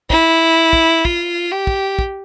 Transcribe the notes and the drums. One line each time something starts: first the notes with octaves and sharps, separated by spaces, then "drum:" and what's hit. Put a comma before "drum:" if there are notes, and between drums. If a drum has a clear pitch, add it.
E4, drum: kick
drum: kick
F4, drum: kick
G4
drum: kick
drum: kick